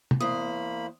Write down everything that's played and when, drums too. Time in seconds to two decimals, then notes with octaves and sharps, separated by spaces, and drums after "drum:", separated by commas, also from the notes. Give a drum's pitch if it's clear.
0.11 drum: tom
0.20 E2 A#3 C5 B5 D#6